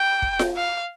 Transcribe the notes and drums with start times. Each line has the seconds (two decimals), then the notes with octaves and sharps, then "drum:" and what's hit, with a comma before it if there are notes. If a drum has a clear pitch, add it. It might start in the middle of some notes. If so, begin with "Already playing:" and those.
Already playing: G5
0.22 drum: kick
0.39 drum: snare F4
0.56 F5